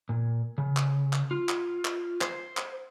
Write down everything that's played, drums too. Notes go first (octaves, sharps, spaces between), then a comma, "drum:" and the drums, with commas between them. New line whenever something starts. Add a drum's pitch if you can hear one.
A#2
C#3
drum: clap
drum: clap
F4
drum: clap
drum: clap
C5, drum: clap
drum: clap